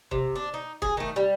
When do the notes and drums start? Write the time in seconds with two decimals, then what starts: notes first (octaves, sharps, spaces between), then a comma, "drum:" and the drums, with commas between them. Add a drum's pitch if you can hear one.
0.11 C3, drum: kick
0.36 D4
0.54 D#4
0.82 G#4, drum: kick
0.97 D#3 A3
1.16 G3